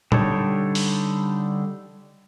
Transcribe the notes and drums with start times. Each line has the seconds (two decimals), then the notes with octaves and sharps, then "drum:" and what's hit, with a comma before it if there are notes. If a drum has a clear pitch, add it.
0.12 D3 G3 D4 D#4 C#5, drum: tom
0.75 drum: open hi-hat